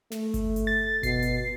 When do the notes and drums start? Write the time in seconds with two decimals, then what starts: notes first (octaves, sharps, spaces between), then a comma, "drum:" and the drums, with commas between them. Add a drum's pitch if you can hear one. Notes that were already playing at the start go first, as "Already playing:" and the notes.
0.12 A3, drum: snare
0.34 drum: kick G1, hi-hat
0.56 drum: hi-hat
0.67 A6
1.03 B2 C7, drum: kick G1, hi-hat
1.22 drum: hi-hat